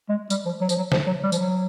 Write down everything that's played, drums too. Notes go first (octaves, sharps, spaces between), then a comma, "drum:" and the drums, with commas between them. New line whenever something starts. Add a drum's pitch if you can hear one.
G#3
G3, drum: tambourine
F3
F#3
F3, drum: tambourine
F#3
F3, drum: snare
F#3
G3
F3, drum: tambourine
F#3